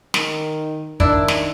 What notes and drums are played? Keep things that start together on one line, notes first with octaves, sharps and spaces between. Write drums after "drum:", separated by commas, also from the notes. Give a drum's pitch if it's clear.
D#3, drum: snare
D#3 D4 E4, drum: kick
drum: snare